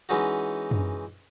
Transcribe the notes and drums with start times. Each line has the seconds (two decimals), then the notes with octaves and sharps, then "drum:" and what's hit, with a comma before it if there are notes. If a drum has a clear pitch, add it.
0.09 E3 G#3 C#4 D#4 F#4
0.71 drum: tom F#2